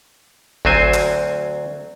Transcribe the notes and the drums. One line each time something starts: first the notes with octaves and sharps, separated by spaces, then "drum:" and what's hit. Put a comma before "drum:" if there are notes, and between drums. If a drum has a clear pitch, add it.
D2 F#3 C4 C5 G#5, drum: kick G#1
drum: clap